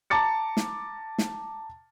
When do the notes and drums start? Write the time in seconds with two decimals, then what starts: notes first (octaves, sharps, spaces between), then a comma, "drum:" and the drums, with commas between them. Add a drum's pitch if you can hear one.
0.10 A5 A#5 D6 A6 C#7
0.57 drum: snare
1.18 drum: snare